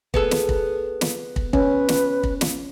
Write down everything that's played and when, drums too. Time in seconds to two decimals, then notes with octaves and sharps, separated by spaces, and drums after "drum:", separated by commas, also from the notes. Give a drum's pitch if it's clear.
0.14 B3 G#4 A4, drum: kick
0.31 drum: snare
0.49 drum: kick
1.01 drum: snare
1.36 drum: kick
1.53 C#4 B4, drum: kick
1.89 drum: snare
2.23 drum: kick
2.41 drum: snare